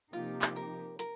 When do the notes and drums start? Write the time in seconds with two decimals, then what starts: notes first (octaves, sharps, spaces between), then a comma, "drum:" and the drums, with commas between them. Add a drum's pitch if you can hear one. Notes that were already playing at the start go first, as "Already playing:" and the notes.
0.12 C3 F3 A#3 D#4 F4 G4
0.42 drum: clap
0.56 A#4
0.99 A#4, drum: hi-hat